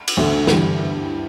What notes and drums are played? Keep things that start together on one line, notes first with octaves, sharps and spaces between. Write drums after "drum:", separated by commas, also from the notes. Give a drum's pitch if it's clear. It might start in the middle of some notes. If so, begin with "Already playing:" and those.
drum: cymbal
D2 D3 A3
G2 E3 G3, drum: snare